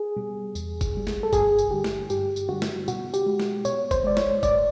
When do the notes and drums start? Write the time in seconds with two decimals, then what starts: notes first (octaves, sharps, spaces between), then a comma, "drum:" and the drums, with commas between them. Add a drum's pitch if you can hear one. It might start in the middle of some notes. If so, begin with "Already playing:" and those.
Already playing: G#4
0.16 B2 G3
0.55 E2, drum: tambourine
0.81 drum: kick G1, tambourine
0.94 B2 G3
1.07 drum: snare
1.23 A4
1.33 G2 G#4, drum: kick G1, tambourine
1.59 drum: tambourine
1.71 D3 G3 G4
1.84 drum: snare
2.10 G2 G4, drum: tambourine
2.36 drum: tambourine
2.49 D3 G3 F#4
2.62 drum: snare
2.88 B2 F#4, drum: tambourine
3.14 G4, drum: tambourine
3.26 G#3
3.40 drum: snare
3.65 B2 C#5, drum: tambourine
3.91 C5, drum: kick G1, tambourine
4.04 G#3 D5
4.17 C#5, drum: snare
4.43 G#2 D5, drum: kick G1, tambourine